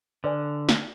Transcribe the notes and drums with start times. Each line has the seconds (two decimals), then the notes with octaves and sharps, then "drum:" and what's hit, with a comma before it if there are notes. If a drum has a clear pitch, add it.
0.24 D3 B4 D5 G#5
0.69 drum: snare